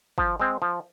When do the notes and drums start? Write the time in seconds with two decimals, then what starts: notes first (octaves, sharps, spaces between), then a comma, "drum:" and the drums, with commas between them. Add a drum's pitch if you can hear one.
0.18 F3, drum: kick
0.40 G#3 C4
0.62 F3